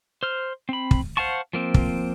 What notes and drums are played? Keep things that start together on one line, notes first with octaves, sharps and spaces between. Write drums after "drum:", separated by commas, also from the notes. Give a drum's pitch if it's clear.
C5 F6
C4 B5
drum: kick
C5 F5 F#5 A5 C#6
F3 A#3 C4
drum: kick